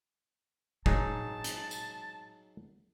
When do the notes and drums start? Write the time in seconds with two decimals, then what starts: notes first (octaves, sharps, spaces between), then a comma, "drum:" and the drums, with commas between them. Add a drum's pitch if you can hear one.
0.86 F#3 G#3 D#4 G#4 A5, drum: kick
1.44 drum: hi-hat
1.71 drum: tambourine